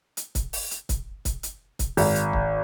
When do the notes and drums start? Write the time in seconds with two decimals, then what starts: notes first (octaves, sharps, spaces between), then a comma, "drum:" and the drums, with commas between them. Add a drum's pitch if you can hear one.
0.17 drum: hi-hat
0.35 drum: kick, hi-hat
0.53 drum: open hi-hat
0.71 drum: hi-hat
0.89 drum: kick, hi-hat
1.25 drum: kick, hi-hat
1.43 drum: hi-hat
1.79 drum: kick, hi-hat
1.97 G#1, drum: open hi-hat
2.15 drum: hi-hat
2.33 drum: kick